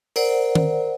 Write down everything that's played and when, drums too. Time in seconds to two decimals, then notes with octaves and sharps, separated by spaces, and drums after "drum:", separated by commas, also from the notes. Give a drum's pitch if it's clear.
0.16 A#4 C5 D5 F#5, drum: open hi-hat
0.55 drum: tom D#3